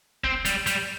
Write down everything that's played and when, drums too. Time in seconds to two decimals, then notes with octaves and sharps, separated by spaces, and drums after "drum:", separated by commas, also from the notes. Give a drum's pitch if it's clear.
0.24 C4, drum: kick
0.45 G3, drum: hi-hat
0.66 G3, drum: hi-hat